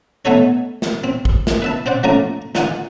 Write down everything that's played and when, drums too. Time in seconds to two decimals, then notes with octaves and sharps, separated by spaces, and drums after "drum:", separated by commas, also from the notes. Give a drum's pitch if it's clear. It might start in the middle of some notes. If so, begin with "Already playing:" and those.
0.25 A3 B3 D#4 A4 C#5
0.82 drum: snare
1.04 C4
1.25 drum: kick
1.47 drum: snare
1.62 B4 E5 A5
1.86 C4 C5 D5 F#5
2.03 F3 A3 A#3 C#4 A#4 D5
2.55 D#4 F4 D5 F#5 G#5, drum: snare